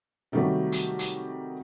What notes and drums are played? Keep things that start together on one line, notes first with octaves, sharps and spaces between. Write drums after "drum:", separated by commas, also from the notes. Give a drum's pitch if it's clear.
C3 D#3 F#3 G3 A3
drum: hi-hat
drum: hi-hat